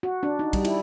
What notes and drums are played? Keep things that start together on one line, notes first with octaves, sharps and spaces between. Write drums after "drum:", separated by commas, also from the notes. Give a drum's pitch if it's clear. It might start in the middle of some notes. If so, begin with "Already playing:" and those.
F#4
D4
D#4
G3, drum: kick, cymbal
E4, drum: cymbal